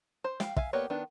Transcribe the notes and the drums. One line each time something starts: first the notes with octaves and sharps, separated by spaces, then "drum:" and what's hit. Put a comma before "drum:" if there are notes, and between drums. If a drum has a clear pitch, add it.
C5
F5 G5, drum: snare
E5 F5 G#5, drum: kick
A#3 B3 G4 C#5 D5
D#3 B3 D4